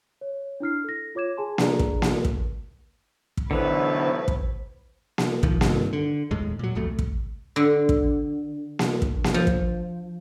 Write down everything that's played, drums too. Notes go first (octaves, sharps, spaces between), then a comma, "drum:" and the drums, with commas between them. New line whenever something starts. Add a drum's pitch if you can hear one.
C#5
D4 E4 F6 C7
A4 A#6
F4 C#5 D6 G#6 E7
G#4 G#5 A5 C6
D4 G#4 B4 D5 A#5, drum: snare A#3
drum: kick
drum: snare A#3
drum: kick
drum: kick
B1 A2 D3 E3 B3 B4 C5
drum: kick
drum: snare A#3
F#1 A#2 D#3 F3, drum: kick
G2 C3 D#3, drum: snare A#3
D3
E1 D#2 A2 G#3
A#2 F#3
D#1 C2 F2 A3
drum: kick
D3
drum: kick
drum: snare A#3
drum: kick
drum: snare A#3
F3
drum: kick